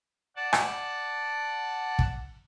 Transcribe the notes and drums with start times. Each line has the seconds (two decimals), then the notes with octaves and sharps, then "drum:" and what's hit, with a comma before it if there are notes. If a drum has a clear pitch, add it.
0.36 D5 F#5 A5
0.53 drum: rim click
1.99 drum: kick